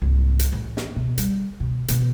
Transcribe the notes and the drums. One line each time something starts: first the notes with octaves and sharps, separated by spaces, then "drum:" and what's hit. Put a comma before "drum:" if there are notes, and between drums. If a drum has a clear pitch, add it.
C2 G#2
drum: hi-hat
A1
drum: snare
B2
G3, drum: hi-hat
B2
B2 E3, drum: hi-hat